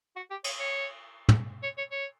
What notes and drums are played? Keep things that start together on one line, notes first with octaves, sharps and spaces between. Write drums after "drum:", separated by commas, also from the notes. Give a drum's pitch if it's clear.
F#4
G4
C#5, drum: cymbal
C#5
drum: tom
C#5
C#5
C#5